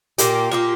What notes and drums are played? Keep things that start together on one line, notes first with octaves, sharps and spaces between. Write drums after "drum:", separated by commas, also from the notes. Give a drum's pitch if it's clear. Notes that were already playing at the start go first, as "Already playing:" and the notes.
A#2 A#3 G4, drum: hi-hat
A#2 A#3 F4 G4